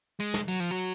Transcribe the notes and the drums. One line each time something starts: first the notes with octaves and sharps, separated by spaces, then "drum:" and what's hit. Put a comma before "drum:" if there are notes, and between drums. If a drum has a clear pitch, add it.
G#3, drum: tambourine
drum: snare
F#3, drum: tambourine
F3, drum: tambourine
F#3